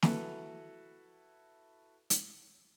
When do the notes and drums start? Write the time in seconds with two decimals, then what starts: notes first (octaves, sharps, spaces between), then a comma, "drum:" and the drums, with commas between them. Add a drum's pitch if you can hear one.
0.02 E4 F#4 A4 B4, drum: snare
2.10 drum: hi-hat